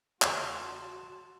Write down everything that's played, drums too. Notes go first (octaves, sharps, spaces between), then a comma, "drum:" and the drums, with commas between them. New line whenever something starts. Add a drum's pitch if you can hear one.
E2 C#3 F#4 A5 C6, drum: clap